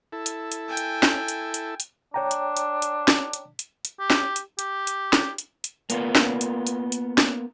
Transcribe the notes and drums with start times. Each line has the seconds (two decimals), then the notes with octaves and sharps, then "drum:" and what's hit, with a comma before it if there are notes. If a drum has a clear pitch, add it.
0.12 E4 A4
0.26 drum: hi-hat
0.52 drum: hi-hat
0.68 G5 G#5
0.77 drum: hi-hat
1.03 drum: snare
1.28 drum: hi-hat
1.54 drum: hi-hat
1.80 drum: hi-hat
2.14 D4 C#5 G5 A#5
2.31 drum: hi-hat
2.57 drum: hi-hat
2.82 drum: hi-hat
3.08 drum: snare
3.33 drum: hi-hat
3.59 drum: hi-hat
3.85 drum: hi-hat
4.00 G4
4.10 drum: snare
4.36 drum: hi-hat
4.59 G4, drum: hi-hat
4.87 drum: hi-hat
5.13 drum: snare
5.38 drum: hi-hat
5.64 drum: hi-hat
5.90 A#3 B3 F4, drum: hi-hat
6.15 drum: snare
6.41 drum: hi-hat
6.67 drum: hi-hat
6.92 drum: hi-hat
7.18 drum: snare